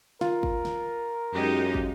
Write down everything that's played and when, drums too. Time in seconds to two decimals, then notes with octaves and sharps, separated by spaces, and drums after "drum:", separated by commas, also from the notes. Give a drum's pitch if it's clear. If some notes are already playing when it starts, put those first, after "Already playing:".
0.21 F4 A#4, drum: snare
0.43 drum: kick
0.65 drum: snare
1.34 F#2 G#3 D#4 G4
1.74 drum: kick